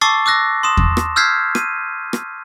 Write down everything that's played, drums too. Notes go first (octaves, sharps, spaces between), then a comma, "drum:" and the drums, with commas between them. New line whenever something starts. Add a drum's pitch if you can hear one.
A5 C#6 D6 E6 A6 C7
D6 E6 F#6 A#6
C6 D#6 E7
drum: kick E2
drum: rim click
E6 F6 G6 G#6 B6 C7
D#7, drum: rim click
drum: rim click